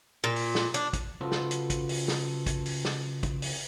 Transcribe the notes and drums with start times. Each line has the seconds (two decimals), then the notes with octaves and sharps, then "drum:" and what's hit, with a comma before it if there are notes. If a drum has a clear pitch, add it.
0.24 A#2
0.36 drum: open hi-hat
0.55 drum: snare
0.74 D4, drum: hi-hat
0.93 drum: kick, hi-hat
1.21 C#3 F4 F#4 A4 B4 C5
1.32 drum: snare
1.51 drum: hi-hat
1.70 drum: kick, hi-hat
1.89 drum: open hi-hat
2.08 drum: snare
2.46 drum: kick, hi-hat
2.66 drum: open hi-hat
2.85 drum: snare
3.23 drum: kick, hi-hat
3.42 drum: open hi-hat